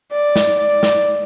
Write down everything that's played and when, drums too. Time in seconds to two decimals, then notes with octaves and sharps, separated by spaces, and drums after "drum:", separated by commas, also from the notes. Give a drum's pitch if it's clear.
0.12 D5
0.36 drum: snare
0.59 D5
0.83 drum: snare